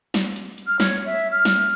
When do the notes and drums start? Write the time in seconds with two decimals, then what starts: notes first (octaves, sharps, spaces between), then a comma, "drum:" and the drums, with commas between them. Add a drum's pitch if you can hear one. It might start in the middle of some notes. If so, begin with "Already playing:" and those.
0.14 drum: snare
0.36 drum: hi-hat
0.58 drum: hi-hat
0.67 F6
0.80 C#5, drum: snare
1.06 E5
1.32 F6
1.45 drum: snare